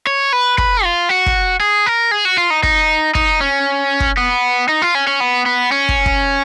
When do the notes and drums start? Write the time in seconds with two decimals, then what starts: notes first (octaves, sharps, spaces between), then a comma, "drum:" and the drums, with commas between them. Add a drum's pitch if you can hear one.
0.07 C#5
0.33 B4
0.58 B4, drum: kick
0.84 F4
1.09 F#4
1.26 drum: kick
1.60 G#4
1.86 A#4
2.11 G#4
2.25 F#4
2.38 F4
2.50 D#4
2.63 D#4, drum: kick
3.15 D#4, drum: kick
3.40 C#4
4.00 drum: kick
4.17 B3
4.69 D#4
4.82 F4
4.95 C#4
5.07 C#4
5.20 B3
5.46 B3
5.72 C#4
5.89 drum: kick
6.06 drum: kick